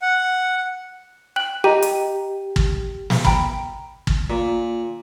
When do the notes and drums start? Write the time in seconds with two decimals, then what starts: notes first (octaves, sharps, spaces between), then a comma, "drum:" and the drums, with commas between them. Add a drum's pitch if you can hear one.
0.02 F#5
1.36 G5 F#6 F#7
1.64 G4 D#5 A#5 D#7
1.82 drum: hi-hat
2.56 drum: kick
3.10 drum: snare
3.25 G5 A#5 B5, drum: kick
4.07 drum: kick
4.30 A#2